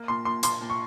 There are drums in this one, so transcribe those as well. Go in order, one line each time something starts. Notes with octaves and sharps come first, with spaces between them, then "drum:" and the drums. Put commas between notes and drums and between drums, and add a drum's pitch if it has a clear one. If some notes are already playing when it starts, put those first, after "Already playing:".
Already playing: A#3
A#2 C6
A#2 C6
A#2 C6, drum: hi-hat
A#2
C#6